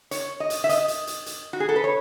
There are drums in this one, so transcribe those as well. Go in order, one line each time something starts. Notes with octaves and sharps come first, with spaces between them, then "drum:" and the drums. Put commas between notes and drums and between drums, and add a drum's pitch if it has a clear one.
C#5, drum: hi-hat
D#5
drum: hi-hat
E5
D#5, drum: hi-hat
drum: hi-hat
drum: hi-hat
drum: hi-hat
F#4
G#4
A4
B4
C#5